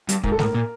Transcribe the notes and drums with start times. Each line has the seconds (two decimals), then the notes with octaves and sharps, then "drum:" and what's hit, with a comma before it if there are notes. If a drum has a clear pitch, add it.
0.09 G2, drum: hi-hat
0.24 G#2 A#4, drum: kick
0.32 A4
0.39 A2 A#4, drum: snare G#3
0.55 A#2